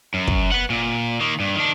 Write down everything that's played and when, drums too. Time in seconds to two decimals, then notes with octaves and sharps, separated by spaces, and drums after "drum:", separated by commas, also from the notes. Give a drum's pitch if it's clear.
0.14 F#2
0.27 drum: kick
0.52 B4 F#5
0.70 A#2
1.21 D#3 A#3
1.40 G2
1.56 D#3 D4